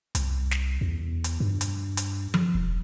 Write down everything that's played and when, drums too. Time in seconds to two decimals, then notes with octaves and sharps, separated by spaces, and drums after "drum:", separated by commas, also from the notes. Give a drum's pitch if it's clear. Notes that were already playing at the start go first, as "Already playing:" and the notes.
0.15 C2, drum: hi-hat
0.51 drum: snare
0.81 E2
1.24 drum: hi-hat
1.40 G2
1.61 drum: hi-hat
1.97 drum: hi-hat
2.34 drum: tom F3
2.55 E1